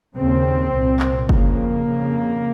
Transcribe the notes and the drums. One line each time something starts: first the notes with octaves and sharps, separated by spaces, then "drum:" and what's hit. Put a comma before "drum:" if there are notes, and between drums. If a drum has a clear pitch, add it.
D#2 C#3 C4
C2 A#2
drum: clap
F2 C#3 A#3, drum: kick F#1
F2 C#3